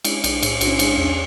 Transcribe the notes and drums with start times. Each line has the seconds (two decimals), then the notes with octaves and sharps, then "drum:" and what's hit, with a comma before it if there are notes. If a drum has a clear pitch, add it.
0.04 G#3 C#4 E4, drum: cymbal
0.24 B1 D4, drum: cymbal
0.43 A2, drum: cymbal
0.54 D4
0.61 B1 F#4, drum: cymbal
0.67 C#4 E4
0.79 G#3 D4, drum: cymbal
0.92 C#4
0.98 E2
1.05 D4